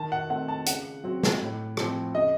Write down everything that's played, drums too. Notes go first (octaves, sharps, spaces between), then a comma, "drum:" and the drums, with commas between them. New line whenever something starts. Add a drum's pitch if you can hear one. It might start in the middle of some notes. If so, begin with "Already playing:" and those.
Already playing: D#3 A5
F#5
A3 C4 F#5
A5
C#3 F#5, drum: hi-hat
F#3 C4
drum: snare
A2
F3 C4, drum: rim click
C#3 D#5